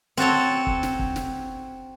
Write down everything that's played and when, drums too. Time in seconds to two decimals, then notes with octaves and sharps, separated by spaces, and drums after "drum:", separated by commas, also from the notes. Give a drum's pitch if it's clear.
0.17 C4 F#4 A4 C#5
0.67 drum: kick
0.83 drum: snare
0.99 drum: kick
1.16 drum: snare